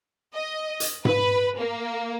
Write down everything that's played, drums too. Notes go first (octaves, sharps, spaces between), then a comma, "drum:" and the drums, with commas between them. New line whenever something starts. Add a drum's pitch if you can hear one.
D#5
drum: hi-hat
B4, drum: tom G#2
A#3